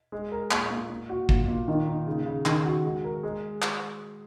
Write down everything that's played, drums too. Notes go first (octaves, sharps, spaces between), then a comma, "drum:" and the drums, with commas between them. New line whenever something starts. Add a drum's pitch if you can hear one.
G#3
A#4
A#2, drum: clap
A#2
A#2
F#4
A#2, drum: kick
A#2
D#3
D#4
C#3
C#3
D#3, drum: clap
F#4
G#3
A#4
G#3
drum: clap